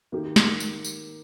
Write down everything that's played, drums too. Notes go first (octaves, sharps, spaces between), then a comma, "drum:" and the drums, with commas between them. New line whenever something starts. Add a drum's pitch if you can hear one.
D#3 A#3 D#4 G4
drum: snare
drum: tambourine
drum: tambourine